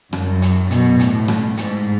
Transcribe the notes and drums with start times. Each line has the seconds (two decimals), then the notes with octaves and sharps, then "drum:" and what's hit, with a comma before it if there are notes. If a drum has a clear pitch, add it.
0.13 F#2, drum: rim click
0.42 drum: hi-hat
0.71 B2, drum: hi-hat
0.99 A2, drum: hi-hat
1.28 drum: rim click
1.57 G#2, drum: hi-hat